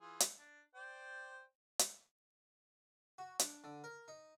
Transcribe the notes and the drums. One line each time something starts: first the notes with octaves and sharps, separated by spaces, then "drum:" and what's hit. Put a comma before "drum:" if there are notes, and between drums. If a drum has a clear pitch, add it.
E3 F4 G#4
drum: hi-hat
D4
C5 D5 G5
drum: hi-hat
F#4
D4, drum: hi-hat
D3
A#4
D#4